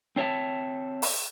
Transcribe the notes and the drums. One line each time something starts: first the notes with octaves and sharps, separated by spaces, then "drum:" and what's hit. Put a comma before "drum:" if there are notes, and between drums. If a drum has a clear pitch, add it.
C4 D4 C#5 E5 A5
drum: open hi-hat